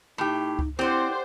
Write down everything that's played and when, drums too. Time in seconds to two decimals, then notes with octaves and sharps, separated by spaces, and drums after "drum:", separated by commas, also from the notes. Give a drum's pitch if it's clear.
0.18 A2 D#4 G4
0.59 drum: kick C#2
0.79 C4 E4 G4 C5 D5 F#5